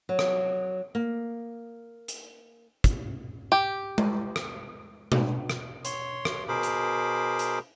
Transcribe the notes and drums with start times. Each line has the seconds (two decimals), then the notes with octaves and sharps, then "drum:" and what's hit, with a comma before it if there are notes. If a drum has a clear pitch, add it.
0.09 F#3
0.19 drum: rim click
0.95 A#3
2.08 drum: hi-hat
2.84 drum: kick, hi-hat
3.52 G4
3.98 drum: tom G#3
4.36 drum: rim click
5.12 drum: tom
5.50 drum: rim click
5.85 C#5 C6, drum: hi-hat
6.25 drum: rim click
6.48 B2 G#4 A#4 C5 B5 D6
6.63 drum: hi-hat
7.39 drum: hi-hat